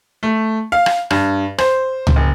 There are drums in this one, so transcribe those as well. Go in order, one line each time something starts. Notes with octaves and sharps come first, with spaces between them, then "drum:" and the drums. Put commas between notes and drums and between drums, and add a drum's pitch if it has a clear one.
A3
F5
drum: rim click
G2, drum: rim click
C5, drum: rim click
drum: tom C#2
F#1